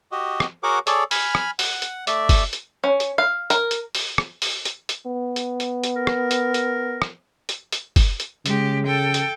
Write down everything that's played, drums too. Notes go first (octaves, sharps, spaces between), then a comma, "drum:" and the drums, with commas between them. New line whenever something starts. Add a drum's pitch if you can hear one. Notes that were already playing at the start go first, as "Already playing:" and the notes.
F#4 G4 D#5
drum: rim click
F#4 G#4 A#4 C#5 F#5 D6
G#4 A4 C#5 D5, drum: hi-hat
G#5 B5 F6, drum: open hi-hat
drum: rim click
F#5, drum: open hi-hat
drum: hi-hat
A3 D5 E5, drum: hi-hat
drum: kick, open hi-hat
drum: hi-hat
C#4
drum: hi-hat
F5
A#4, drum: hi-hat
drum: hi-hat
drum: open hi-hat
drum: rim click
drum: open hi-hat
drum: hi-hat
drum: hi-hat
B3
drum: hi-hat
drum: hi-hat
drum: hi-hat
A#4
drum: rim click
drum: hi-hat
drum: hi-hat
drum: rim click
drum: hi-hat
drum: hi-hat
drum: kick, open hi-hat
drum: hi-hat
C#3 G#3 G4, drum: hi-hat
A4 G5
drum: hi-hat